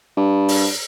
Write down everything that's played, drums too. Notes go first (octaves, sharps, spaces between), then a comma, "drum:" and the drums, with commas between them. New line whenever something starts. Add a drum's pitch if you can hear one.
G2
drum: open hi-hat